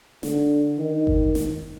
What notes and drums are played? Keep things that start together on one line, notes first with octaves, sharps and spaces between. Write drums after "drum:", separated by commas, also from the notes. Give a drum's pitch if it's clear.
D3, drum: snare
D#3
drum: kick G1
drum: snare